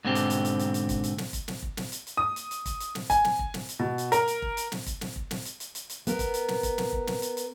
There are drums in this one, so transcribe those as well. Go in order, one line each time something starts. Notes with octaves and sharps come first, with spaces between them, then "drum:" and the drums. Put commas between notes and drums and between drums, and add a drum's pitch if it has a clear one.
G#2 B2 D3 C4 G4
drum: hi-hat
drum: hi-hat
drum: hi-hat
drum: hi-hat
drum: hi-hat
drum: kick, hi-hat
drum: hi-hat
drum: snare
drum: kick, hi-hat
drum: snare
drum: kick
drum: snare
drum: hi-hat
drum: hi-hat
D#6
drum: hi-hat
drum: hi-hat
drum: kick, hi-hat
drum: hi-hat
drum: snare
G#5, drum: kick, hi-hat
drum: snare
drum: kick
drum: snare
drum: hi-hat
B2
drum: hi-hat
A#4, drum: hi-hat
drum: hi-hat
drum: kick
drum: hi-hat
drum: snare
drum: kick, hi-hat
drum: snare
drum: kick
drum: snare
drum: hi-hat
drum: hi-hat
drum: hi-hat
drum: hi-hat
B3 A#4, drum: hi-hat
drum: kick, hi-hat
drum: hi-hat
drum: snare
drum: kick, hi-hat
drum: snare
drum: kick
drum: snare
drum: hi-hat
drum: hi-hat